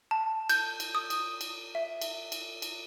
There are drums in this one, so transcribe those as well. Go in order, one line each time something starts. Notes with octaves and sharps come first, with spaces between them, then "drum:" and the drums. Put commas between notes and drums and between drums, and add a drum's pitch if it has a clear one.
A5
G6, drum: cymbal
drum: cymbal
D#6
drum: cymbal
drum: cymbal
E5
drum: cymbal
drum: cymbal
drum: cymbal